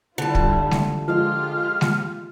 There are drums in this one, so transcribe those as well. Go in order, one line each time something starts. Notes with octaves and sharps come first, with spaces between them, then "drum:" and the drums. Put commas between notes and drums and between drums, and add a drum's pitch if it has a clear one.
D3 G3 E4 F4 A5
drum: kick
drum: snare G#3
F3 G#3 F4 G4 F6
drum: snare G#3